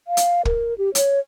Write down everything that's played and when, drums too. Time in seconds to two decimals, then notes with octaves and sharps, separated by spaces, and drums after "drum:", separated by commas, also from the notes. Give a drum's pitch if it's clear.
0.08 F5
0.17 drum: hi-hat
0.45 A#4, drum: kick
0.78 G4
0.95 C#5, drum: hi-hat